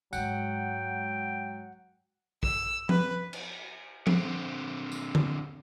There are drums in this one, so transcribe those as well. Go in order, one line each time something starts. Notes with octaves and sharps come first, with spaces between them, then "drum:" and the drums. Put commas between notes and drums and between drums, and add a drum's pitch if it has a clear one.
G#2 F#3 G#3 F#5 G5, drum: tambourine
E6, drum: kick A#1
B4, drum: tom F3
drum: cymbal
D3 C4, drum: tom F3
drum: tambourine
drum: tom D3